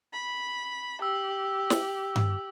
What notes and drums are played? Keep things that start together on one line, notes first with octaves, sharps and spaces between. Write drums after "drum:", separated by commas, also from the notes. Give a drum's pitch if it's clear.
B5
G4 E6
drum: snare
drum: tom G2